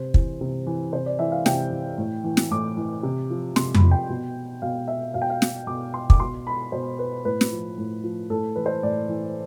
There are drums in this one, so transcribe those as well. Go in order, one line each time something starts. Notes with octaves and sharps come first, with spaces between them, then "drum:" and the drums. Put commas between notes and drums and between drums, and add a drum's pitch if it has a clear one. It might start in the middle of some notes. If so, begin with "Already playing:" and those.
Already playing: C3 C5
E3, drum: kick
C3
E3
C3 C5
D5
E3 E5
F5
C3 G5, drum: snare
E3
A2
E3
drum: snare
A2 D6
E3
C3
F3
C3 C6, drum: snare
B5, drum: tom F2
F3
G5
B2
B2 F5
E5
B2 F5
G5
F5
drum: snare
B2 D6
C6
D6, drum: kick
B2 C6
B5
B2 C5
B4
A2 B4
drum: snare
F3
A2
F3
A2 A4
E3 B4
C5
A2 D5
E3